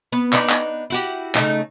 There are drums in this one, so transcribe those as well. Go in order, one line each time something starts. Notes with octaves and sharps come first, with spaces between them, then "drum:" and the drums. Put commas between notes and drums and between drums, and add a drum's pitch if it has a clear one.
B3
B3 D4 D#4, drum: clap
drum: clap
E4 F#4 G4
C#3 A3 D#4, drum: clap